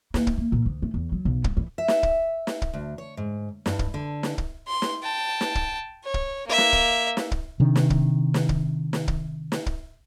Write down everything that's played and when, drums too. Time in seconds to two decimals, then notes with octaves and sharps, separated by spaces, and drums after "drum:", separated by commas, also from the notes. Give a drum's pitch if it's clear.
0.14 A#3, drum: snare
0.27 drum: kick
0.38 A#3
0.52 A#2
0.66 D2
0.82 A3
0.94 E2
1.12 F#3
1.25 B1
1.44 G2, drum: kick
1.57 E3
1.78 E5
1.88 drum: snare
2.03 drum: kick
2.47 drum: snare
2.62 drum: kick
2.74 D2
2.98 C#5
3.17 G#2
3.66 G2, drum: snare
3.79 drum: kick
3.94 D3
4.23 drum: snare
4.38 drum: kick
4.67 C6
4.82 drum: snare
5.03 G5 A5
5.41 drum: snare
5.55 drum: kick
6.04 C#5
6.14 drum: kick
6.47 A#3 E5
6.58 drum: snare
6.73 drum: kick
7.17 drum: snare
7.31 drum: kick
7.60 C3 D#3 D4
7.76 drum: snare
7.90 drum: kick
8.34 drum: snare
8.49 drum: kick
8.93 drum: snare
9.08 drum: kick
9.52 drum: snare
9.66 drum: kick